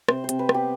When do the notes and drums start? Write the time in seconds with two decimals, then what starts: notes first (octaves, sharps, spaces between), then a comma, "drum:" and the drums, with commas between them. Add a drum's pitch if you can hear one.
0.08 C3 C5, drum: rim click
0.24 C5
0.29 C3, drum: hi-hat
0.39 B4
0.49 B3, drum: rim click
0.54 G4